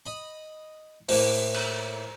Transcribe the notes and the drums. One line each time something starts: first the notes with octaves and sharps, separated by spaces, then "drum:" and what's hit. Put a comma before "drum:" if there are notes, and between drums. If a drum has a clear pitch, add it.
D#5 B5
A2 A#3 C5, drum: open hi-hat
drum: cymbal